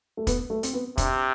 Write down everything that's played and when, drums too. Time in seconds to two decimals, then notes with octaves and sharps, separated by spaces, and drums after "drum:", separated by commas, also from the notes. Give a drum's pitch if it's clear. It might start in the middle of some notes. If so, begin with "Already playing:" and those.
0.17 A3
0.27 B3, drum: kick, hi-hat
0.50 A3
0.63 C4, drum: hi-hat
0.73 B3
0.98 C3 D4, drum: kick, hi-hat